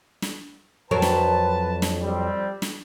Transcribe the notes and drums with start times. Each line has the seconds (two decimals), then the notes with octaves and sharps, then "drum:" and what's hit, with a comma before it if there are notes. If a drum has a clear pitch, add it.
0.22 drum: snare
0.91 F2 F#3 A#4 B4 A5
1.02 drum: snare
1.82 drum: snare
2.02 G3 C4
2.62 drum: snare